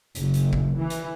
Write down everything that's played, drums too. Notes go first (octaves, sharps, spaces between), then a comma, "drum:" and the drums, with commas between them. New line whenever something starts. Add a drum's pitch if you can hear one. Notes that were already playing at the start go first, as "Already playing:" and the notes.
F#1, drum: hi-hat
drum: hi-hat
drum: kick G1
E3
drum: hi-hat